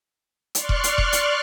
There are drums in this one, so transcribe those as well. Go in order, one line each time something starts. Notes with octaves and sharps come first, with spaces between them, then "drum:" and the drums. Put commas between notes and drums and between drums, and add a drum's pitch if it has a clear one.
D5 C6 C#6 F6 F#6, drum: hi-hat
drum: kick E1
drum: hi-hat
drum: kick E1
drum: hi-hat